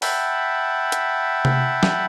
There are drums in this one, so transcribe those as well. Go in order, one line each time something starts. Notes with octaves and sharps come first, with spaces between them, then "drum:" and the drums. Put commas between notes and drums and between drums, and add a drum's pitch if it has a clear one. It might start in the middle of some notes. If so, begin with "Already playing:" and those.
E5 F#5 G5 A5 B5, drum: open hi-hat
drum: hi-hat
drum: tom C3
drum: snare